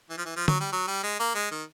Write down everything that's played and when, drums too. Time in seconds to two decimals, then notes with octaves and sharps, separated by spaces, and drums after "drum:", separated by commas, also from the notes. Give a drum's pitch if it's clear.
0.10 E3
0.18 F3
0.25 E3
0.36 F3
0.48 F#3, drum: tom
0.61 G3
0.72 F#3
0.87 G3
1.03 G#3
1.20 A#3
1.35 G#3
1.51 D#3